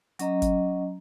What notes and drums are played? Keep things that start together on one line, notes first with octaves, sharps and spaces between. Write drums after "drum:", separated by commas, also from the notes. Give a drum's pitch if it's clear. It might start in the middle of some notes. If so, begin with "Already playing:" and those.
F#3 C#4 D#5 A#5, drum: hi-hat
drum: kick G1, hi-hat